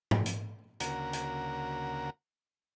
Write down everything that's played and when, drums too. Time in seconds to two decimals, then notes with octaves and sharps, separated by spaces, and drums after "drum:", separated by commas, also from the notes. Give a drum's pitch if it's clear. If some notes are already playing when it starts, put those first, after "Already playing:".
0.11 drum: tom G#2
0.26 drum: hi-hat
0.80 D2 C#3 A#3 F#4 A#4, drum: hi-hat
1.13 drum: hi-hat